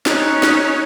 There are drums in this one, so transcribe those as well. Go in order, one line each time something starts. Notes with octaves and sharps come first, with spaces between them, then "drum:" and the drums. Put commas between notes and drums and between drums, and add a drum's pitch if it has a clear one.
C#4 D#4 C#5 F#6, drum: snare
drum: snare